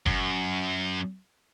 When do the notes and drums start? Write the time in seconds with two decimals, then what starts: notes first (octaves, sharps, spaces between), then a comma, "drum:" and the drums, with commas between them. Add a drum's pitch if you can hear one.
0.06 F#2, drum: kick F#1